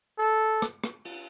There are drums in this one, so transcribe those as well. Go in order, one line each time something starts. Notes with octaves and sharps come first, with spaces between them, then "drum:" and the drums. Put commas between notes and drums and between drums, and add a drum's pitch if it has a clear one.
A4
drum: rim click
drum: rim click
drum: cymbal